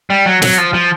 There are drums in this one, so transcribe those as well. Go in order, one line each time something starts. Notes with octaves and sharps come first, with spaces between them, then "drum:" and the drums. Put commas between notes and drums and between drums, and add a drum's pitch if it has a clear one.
G3
F#3
F#3, drum: snare
F3
F3